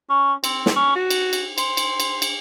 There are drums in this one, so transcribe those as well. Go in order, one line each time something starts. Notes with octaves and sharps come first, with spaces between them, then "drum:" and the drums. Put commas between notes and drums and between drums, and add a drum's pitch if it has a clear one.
C#4
C4, drum: cymbal
drum: snare
C#4
F#4
drum: cymbal
drum: cymbal
C5, drum: cymbal
drum: cymbal
drum: cymbal
drum: cymbal